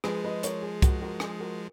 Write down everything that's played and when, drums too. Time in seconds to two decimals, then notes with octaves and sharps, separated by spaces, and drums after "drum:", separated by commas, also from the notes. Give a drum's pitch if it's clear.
0.04 F3 G#3 G#4 B4, drum: rim click
0.24 B4 D#5
0.43 A#4 C#5, drum: hi-hat
0.62 G#4
0.82 F#4 A#4, drum: kick C2, hi-hat
1.01 F#4 A#4
1.20 G#4, drum: rim click
1.40 F#4 A#4